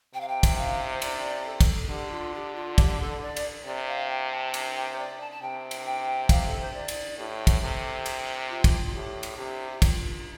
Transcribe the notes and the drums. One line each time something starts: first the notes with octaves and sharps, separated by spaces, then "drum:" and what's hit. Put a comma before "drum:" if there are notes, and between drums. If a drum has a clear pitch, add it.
C3 G5
F5
G5
drum: kick, cymbal
F5
C5
D5, drum: cymbal
A4
drum: kick, cymbal
D3 G4
F4
G4
F4
G4, drum: kick, cymbal
A4
D5
drum: cymbal
C3 D5
F5
G5
A5
drum: cymbal
G5
C5
D5
A5
A5
C3 G5
drum: cymbal
G5
F5, drum: kick, cymbal
A4
C5
D5
drum: cymbal
A2 G4
drum: kick, cymbal
C3 A4
drum: cymbal
F4
drum: kick, cymbal
A2 G4
drum: cymbal
C3 G4
G4
F4, drum: kick, cymbal